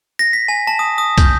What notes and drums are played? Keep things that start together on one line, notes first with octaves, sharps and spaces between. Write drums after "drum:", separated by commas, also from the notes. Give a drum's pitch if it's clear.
A#6
B6
G#5
A5
D#6
D#6
G6, drum: kick, hi-hat